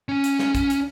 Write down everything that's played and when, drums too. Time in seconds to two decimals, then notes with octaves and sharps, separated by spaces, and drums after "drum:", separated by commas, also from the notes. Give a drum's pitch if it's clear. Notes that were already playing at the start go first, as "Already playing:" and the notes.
0.09 C#4
0.24 drum: hi-hat
0.39 drum: snare
0.55 drum: kick, hi-hat
0.70 drum: hi-hat